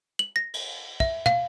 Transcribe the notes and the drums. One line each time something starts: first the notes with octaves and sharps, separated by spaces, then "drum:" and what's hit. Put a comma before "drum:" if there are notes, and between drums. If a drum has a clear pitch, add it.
F#7
A#6
drum: cymbal
E5, drum: kick
F5, drum: tom